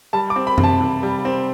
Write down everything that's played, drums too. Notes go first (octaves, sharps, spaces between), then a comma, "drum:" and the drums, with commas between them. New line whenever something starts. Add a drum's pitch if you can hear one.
G3 A5
D6
C4
B5
C3, drum: tom F#2
A5
C3
G3
C4